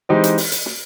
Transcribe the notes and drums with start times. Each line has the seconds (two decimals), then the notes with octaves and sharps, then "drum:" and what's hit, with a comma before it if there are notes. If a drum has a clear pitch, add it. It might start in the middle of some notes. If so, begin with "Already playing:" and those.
0.09 E3 G#3 C4 D#4 G4
0.24 drum: hi-hat
0.38 drum: open hi-hat
0.52 drum: hi-hat
0.66 drum: snare